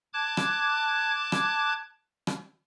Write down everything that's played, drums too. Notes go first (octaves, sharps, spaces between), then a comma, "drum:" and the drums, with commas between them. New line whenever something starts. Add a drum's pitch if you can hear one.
A5 D6 F#6 G#6
drum: rim click
drum: rim click
drum: rim click